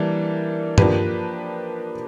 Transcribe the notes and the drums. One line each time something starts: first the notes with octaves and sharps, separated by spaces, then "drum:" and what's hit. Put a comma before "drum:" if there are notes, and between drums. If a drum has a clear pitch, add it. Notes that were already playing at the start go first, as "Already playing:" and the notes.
Already playing: E3 G3 A#3 D4
F3 A#3 D4 G4 B4, drum: tom G2